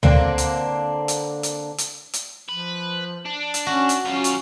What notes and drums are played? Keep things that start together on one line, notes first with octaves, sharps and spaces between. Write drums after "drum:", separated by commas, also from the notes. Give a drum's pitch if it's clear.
D3 A#3 C4 D4, drum: tom D2
drum: hi-hat
drum: hi-hat
drum: hi-hat
drum: hi-hat
drum: hi-hat
F3 B4
D4
drum: hi-hat
C#4 F#4
drum: hi-hat
F#2 C#4 F4
drum: hi-hat